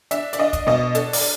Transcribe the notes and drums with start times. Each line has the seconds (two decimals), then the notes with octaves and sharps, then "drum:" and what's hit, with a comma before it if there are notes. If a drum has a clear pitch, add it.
0.11 D4 E5, drum: hi-hat
0.33 D5, drum: hi-hat
0.39 D4 D#5
0.53 drum: kick, hi-hat
0.67 B2 D#5
0.95 D4 A4, drum: hi-hat
1.13 D5, drum: open hi-hat